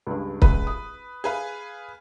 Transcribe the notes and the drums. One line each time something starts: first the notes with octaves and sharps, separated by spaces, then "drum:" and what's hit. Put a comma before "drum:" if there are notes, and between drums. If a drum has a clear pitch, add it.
C#2 G2
C#2 B4, drum: kick C#1
D#6
G#4 B4 F5